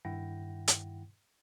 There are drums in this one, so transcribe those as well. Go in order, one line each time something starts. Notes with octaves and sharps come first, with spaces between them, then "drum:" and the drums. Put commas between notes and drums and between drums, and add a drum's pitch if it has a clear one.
G2 D#3 E4 F#5 G5 A#6
drum: hi-hat